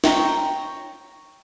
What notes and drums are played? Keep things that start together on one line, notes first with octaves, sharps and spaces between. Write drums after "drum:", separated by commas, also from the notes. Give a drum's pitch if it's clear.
C#5 G5 A#5, drum: snare